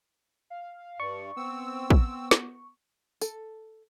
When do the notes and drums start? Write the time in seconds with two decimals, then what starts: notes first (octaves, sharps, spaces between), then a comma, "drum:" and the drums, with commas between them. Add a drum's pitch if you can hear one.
0.50 F5
1.00 G2 D5 C#6
1.37 B3 C4 E6
1.90 drum: kick
2.31 drum: snare
3.21 A4, drum: tambourine